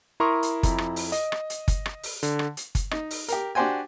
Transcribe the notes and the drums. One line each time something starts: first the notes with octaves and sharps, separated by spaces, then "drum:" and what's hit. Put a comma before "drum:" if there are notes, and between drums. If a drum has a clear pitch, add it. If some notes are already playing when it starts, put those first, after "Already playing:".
E4 A#4 A#5 C6 C#6 D#6
drum: hi-hat
F2 E4 A#5, drum: kick, hi-hat
drum: rim click
drum: open hi-hat
D#5, drum: hi-hat
drum: rim click
drum: hi-hat
drum: kick, hi-hat
drum: rim click
drum: open hi-hat
D3, drum: hi-hat
drum: rim click
drum: hi-hat
drum: kick, hi-hat
D#4, drum: rim click
drum: open hi-hat
G4 A#4, drum: hi-hat
D4 F#4 G4 C5 G5 G#5